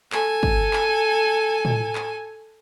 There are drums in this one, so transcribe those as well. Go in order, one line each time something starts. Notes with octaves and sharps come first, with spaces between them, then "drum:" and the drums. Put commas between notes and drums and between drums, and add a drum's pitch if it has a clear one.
A4 G#5, drum: clap
drum: kick
drum: clap
drum: tom A2
drum: clap